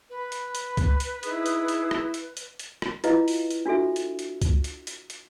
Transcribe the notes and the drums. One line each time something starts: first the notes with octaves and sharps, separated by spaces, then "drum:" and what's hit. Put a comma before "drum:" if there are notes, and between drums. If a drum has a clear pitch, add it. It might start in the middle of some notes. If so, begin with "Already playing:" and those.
B4 B5
drum: hi-hat
drum: hi-hat
drum: kick C#2, hi-hat
drum: hi-hat
D#4 E4 G#4 D#6, drum: hi-hat
drum: hi-hat
drum: hi-hat
drum: rim click
drum: hi-hat
drum: hi-hat
drum: hi-hat
drum: rim click
E4 F4 B4 D#5 F5, drum: hi-hat
drum: open hi-hat
drum: hi-hat
D4 F4 F#4 A4 E5
drum: hi-hat
drum: hi-hat
drum: kick C#2, hi-hat
drum: hi-hat
drum: hi-hat
drum: hi-hat